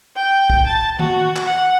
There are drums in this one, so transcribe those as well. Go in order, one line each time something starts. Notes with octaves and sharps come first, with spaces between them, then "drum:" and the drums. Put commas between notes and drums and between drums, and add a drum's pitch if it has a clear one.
G5
drum: kick
A5
F#4, drum: tom D#3
drum: clap
F#5